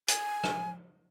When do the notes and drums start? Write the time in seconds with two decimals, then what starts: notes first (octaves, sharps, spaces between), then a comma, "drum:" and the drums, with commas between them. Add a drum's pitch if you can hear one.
0.08 G#5, drum: hi-hat
0.44 drum: rim click